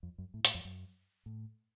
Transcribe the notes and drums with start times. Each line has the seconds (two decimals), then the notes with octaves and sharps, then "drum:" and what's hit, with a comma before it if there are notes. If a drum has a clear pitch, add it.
0.03 F2
0.18 F#2
0.34 A2
0.45 A2, drum: hi-hat
0.54 F2
0.65 F#2
1.26 A2